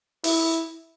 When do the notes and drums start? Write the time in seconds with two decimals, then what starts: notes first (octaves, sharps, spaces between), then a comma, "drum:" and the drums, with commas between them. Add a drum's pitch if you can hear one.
0.24 E4, drum: open hi-hat